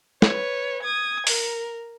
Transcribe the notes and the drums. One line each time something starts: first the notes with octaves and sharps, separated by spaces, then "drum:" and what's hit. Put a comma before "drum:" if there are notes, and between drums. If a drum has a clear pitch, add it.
B4 C#5, drum: snare
D#6 G#6
A#4, drum: open hi-hat